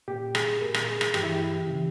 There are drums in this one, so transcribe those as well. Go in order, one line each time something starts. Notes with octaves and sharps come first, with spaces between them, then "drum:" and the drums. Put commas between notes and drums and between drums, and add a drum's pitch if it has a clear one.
A#2 G4
G#4, drum: rim click
A#2 A#4
drum: rim click
G#4
drum: rim click
G2 E3 G4, drum: rim click
E4
G4
C#3 E3